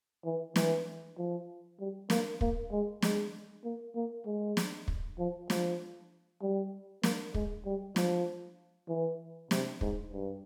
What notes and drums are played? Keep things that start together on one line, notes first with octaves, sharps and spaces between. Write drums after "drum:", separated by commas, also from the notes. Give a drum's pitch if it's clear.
E3
E3, drum: snare
F3
G3
A#3, drum: snare
A#3, drum: kick
G#3
G#3, drum: snare
A#3
A#3
G#3
drum: snare
drum: kick
F3
F3, drum: snare
G3
A#3, drum: snare
G#3, drum: kick
G3
F3, drum: snare
E3
C3, drum: snare
G#2, drum: kick
G2